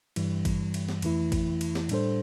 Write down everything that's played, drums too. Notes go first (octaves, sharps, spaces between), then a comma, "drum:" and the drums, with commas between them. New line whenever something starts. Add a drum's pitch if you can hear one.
G2 E3 G3, drum: cymbal
drum: kick G#1, cymbal
drum: cymbal
drum: snare
F2 E3 A3 E4, drum: cymbal
drum: kick G#1, cymbal
drum: cymbal
drum: snare
A2 G3 D4 A4 C5, drum: cymbal